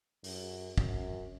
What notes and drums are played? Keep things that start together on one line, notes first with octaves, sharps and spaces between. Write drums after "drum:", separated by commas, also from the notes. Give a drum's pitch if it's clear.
F#2, drum: open hi-hat
F#2, drum: kick